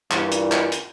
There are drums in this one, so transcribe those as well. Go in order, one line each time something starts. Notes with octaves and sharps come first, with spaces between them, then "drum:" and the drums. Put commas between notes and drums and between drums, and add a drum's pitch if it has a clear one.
G2 A#2 E3, drum: clap
drum: hi-hat
drum: clap
drum: hi-hat